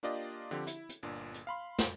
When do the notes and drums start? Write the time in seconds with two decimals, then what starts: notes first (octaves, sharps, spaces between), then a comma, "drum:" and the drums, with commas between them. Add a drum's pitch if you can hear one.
0.03 A#3 D4 F4 G4 D5 D#5
0.51 D3 F3 C4 G4
0.67 E4, drum: hi-hat
0.89 drum: hi-hat
1.03 G1 A#2 D4
1.34 drum: hi-hat
1.47 F5 B5 C6
1.79 drum: snare